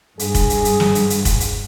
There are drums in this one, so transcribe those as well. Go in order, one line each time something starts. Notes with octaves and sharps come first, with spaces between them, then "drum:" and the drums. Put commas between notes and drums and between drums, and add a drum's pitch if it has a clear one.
G2 G#4, drum: hi-hat
drum: kick F1, hi-hat
drum: hi-hat
drum: hi-hat
drum: snare
drum: hi-hat
drum: hi-hat
drum: kick F1, hi-hat
drum: hi-hat